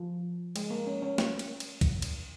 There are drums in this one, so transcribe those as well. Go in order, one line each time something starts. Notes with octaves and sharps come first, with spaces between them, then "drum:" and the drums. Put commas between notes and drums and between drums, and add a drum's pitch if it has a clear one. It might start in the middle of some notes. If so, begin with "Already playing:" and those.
Already playing: F3
G#3, drum: cymbal
A#3
C#4
C#4
drum: snare
drum: cymbal
drum: cymbal
drum: kick C2, cymbal
drum: cymbal